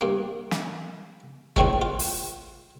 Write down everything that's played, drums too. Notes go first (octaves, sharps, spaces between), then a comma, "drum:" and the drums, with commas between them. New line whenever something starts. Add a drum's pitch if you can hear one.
G2 A#3
drum: snare
A#1 F2 A2 D#3 F3 G#3, drum: kick
F4
drum: open hi-hat